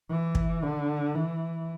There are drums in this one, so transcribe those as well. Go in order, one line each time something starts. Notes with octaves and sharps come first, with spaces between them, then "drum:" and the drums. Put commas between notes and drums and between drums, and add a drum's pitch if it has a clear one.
E3
drum: kick
D3
E3